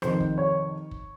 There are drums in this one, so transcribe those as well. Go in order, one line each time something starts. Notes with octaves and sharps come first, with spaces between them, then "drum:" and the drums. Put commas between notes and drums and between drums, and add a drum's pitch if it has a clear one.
F2 C3 D#3 C5, drum: rim click
drum: kick
C#5
drum: kick